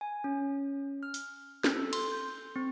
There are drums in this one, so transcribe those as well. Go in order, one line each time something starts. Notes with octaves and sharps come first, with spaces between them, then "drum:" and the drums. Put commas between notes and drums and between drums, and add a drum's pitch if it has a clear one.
G#5
C#4
F6
drum: open hi-hat
A4, drum: snare
C6, drum: cymbal
G6
C4